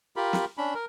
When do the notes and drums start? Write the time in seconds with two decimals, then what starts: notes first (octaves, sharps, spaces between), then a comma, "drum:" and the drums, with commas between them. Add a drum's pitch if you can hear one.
0.16 F4 G4 A#4 B5
0.33 drum: snare
0.58 C#4 D4 B5
0.75 A#4